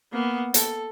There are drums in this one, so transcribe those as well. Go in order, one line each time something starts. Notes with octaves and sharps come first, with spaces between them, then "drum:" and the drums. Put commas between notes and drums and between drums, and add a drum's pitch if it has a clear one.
A#3 B3
A4, drum: hi-hat